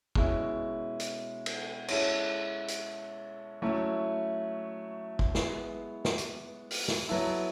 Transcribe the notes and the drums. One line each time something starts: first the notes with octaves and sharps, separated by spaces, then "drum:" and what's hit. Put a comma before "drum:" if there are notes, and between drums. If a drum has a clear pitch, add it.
B2 G#3 C#4 E4, drum: kick
drum: hi-hat
drum: cymbal
G#3 C#4 E4 A4 C#5, drum: cymbal
drum: hi-hat
F#3 A3 C#4 E4
drum: kick
G#3 B3 E4, drum: snare
drum: snare
drum: hi-hat
drum: open hi-hat
drum: snare
F#3 B3 E4 A4